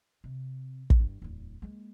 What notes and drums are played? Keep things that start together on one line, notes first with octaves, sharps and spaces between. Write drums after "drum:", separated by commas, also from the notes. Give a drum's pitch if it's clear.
C3
drum: kick
G2 E3
D1 E2
G#3 A#3